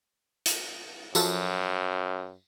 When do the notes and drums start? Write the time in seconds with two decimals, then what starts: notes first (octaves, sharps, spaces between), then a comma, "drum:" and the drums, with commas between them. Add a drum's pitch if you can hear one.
0.46 drum: hi-hat
1.15 F#2 F3 F#4 A4, drum: tambourine